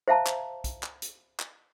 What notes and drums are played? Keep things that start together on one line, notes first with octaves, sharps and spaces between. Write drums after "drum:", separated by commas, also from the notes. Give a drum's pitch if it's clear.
C5 E5 F5 A5 A#5
drum: clap
drum: kick, hi-hat
drum: clap
drum: hi-hat
drum: clap